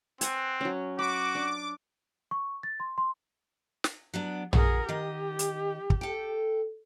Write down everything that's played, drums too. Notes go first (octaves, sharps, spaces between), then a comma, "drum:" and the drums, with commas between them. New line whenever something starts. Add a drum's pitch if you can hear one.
C4 F#5 G#5, drum: hi-hat
F#3 C#4
F#4 B5 D6
D4
C#6
A6
C6
C6
drum: snare
F#3 B3 D4
F#4 G#4 A#4, drum: tom A#1
D#3 G4 D#5
drum: hi-hat
drum: kick
A4 G5